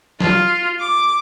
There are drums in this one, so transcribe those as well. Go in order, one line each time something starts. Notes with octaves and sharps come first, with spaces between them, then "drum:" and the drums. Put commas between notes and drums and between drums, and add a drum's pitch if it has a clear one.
F4, drum: snare
D6